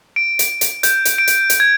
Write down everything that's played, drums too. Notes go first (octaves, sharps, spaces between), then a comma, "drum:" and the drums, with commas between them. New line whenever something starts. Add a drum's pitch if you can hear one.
D7
drum: hi-hat
drum: hi-hat
G6, drum: hi-hat
drum: hi-hat
D7
drum: hi-hat
drum: hi-hat
G#6